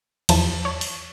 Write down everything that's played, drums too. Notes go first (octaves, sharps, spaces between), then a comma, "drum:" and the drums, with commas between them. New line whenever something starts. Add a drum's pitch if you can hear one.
E2 F3 A5, drum: cymbal
C#5
drum: open hi-hat